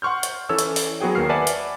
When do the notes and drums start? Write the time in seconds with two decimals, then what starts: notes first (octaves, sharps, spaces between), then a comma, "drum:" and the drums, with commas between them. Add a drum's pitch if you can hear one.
0.02 F#5 C6 C#6 F6 G6
0.23 drum: hi-hat
0.49 E3 C#4 A4 C#5 E6
0.59 drum: hi-hat
0.76 drum: open hi-hat
1.01 F#3 B3 F#4 G#4 G5
1.15 D#2 A#3 F#4 F6 C7
1.29 B4 D5 E5 F#5 G#5 A5
1.47 drum: hi-hat